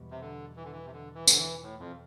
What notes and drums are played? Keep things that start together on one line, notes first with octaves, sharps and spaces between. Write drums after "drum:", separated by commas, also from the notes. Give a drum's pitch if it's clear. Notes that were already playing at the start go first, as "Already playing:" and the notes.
Already playing: E2 B2 G3
C3
D3
E3
D3
E3
C3
D3
E3
D3, drum: tambourine
E3
A2
F2